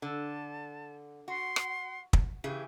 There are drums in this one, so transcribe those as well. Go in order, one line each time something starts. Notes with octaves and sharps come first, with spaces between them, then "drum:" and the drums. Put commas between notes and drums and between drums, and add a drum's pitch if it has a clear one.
D3 A5
F#4 F#5 C6
drum: rim click
drum: kick
C#3 E3 G4 G#4